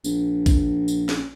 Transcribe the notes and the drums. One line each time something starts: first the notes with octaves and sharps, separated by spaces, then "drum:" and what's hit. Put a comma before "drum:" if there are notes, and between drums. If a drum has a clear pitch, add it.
A#1, drum: tambourine
drum: kick A#1, tambourine
drum: tambourine
drum: snare